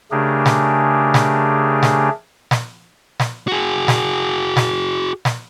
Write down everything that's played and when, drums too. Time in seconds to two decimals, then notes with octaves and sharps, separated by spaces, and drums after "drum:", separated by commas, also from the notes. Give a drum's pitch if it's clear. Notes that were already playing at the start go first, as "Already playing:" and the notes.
0.11 C#3 A3 D4 G4 G#4 A#4
0.46 drum: snare
1.14 drum: snare
1.83 drum: snare
2.51 drum: snare
3.20 drum: snare
3.48 F#4 G#4
3.88 drum: snare
4.57 drum: snare
5.25 drum: snare